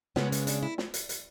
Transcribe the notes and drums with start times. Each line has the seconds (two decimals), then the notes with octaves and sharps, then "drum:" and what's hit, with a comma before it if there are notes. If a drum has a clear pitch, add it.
0.16 C#3 G#3 B3 C#4, drum: snare
0.32 B3, drum: hi-hat
0.47 D4, drum: hi-hat
0.63 E4
0.78 drum: snare
0.94 drum: hi-hat
1.09 drum: hi-hat